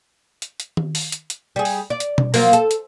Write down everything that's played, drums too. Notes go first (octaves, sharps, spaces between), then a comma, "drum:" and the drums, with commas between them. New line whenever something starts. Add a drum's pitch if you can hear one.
drum: hi-hat
drum: hi-hat
drum: tom D#3
drum: open hi-hat
drum: hi-hat
drum: hi-hat
G3 G#4
drum: open hi-hat
D5
drum: hi-hat
drum: tom B2
F3 F#3 A#3, drum: open hi-hat
A4, drum: hi-hat
drum: hi-hat